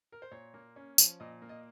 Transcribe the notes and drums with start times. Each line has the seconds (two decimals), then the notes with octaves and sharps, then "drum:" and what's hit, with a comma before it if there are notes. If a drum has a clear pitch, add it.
0.12 A#4
0.22 C5
0.31 A#2 C#5
0.54 A#3
0.76 C#4
0.98 F3, drum: tambourine
1.20 A#2 D#5
1.42 A#3
1.49 D#5